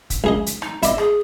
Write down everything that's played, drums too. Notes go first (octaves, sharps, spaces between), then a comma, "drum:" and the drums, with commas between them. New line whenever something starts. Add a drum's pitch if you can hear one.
drum: kick, hi-hat
C#2 G#4 D#5
drum: hi-hat
D#4, drum: rim click
E4 D5 D#5, drum: hi-hat
G#4, drum: rim click